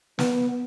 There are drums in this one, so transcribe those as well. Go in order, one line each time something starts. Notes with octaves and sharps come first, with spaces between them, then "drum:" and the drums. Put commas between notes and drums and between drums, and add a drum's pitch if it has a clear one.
B3, drum: snare